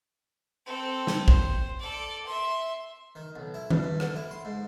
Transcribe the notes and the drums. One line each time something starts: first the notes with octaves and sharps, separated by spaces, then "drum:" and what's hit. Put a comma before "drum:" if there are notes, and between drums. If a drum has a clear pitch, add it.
C4 A4
drum: snare
C5, drum: kick
A4 D5
E5 C6
D#3
B1
E4
G2, drum: tom D#3
G2
D3, drum: rim click
E4
C6
G#2